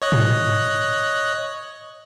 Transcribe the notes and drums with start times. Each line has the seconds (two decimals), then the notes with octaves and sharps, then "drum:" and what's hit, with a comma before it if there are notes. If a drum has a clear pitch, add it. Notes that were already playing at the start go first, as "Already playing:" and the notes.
0.02 C#5 D#5 F#6
0.12 drum: tom G#2